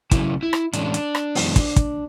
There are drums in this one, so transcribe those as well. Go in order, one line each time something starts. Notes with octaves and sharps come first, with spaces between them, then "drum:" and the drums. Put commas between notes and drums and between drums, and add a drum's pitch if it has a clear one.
C#3 F#3 A3 C#4 E4, drum: kick, hi-hat
E4
drum: rim click
A2 E3 G#3 C#4 D4, drum: hi-hat
drum: hi-hat
drum: rim click
F#2 E3 G#3 B3, drum: open hi-hat
drum: kick, hi-hat
drum: kick, hi-hat